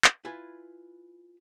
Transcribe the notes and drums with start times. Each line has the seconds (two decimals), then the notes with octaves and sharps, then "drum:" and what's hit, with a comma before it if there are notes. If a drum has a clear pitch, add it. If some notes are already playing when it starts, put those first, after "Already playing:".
0.04 drum: clap
0.25 E4 F4 B4 G#5